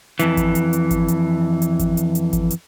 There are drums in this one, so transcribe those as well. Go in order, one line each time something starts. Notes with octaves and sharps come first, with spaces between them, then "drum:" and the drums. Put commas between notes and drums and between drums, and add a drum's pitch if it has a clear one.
F2 E3, drum: hi-hat
drum: kick G#1, hi-hat
drum: hi-hat
drum: hi-hat
drum: kick G#1, hi-hat
drum: hi-hat
drum: hi-hat
drum: kick G#1, hi-hat
drum: hi-hat
drum: hi-hat
drum: kick G#1, hi-hat
drum: hi-hat